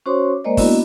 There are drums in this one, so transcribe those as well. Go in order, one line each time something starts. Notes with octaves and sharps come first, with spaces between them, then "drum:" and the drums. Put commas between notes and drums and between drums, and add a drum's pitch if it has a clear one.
C#4 F#4 C5 C#5 C6 D6
G#3 A#3 A#4 C5 D5 D#5
A#3 B3 D4 E4 F#4 D#5, drum: kick, open hi-hat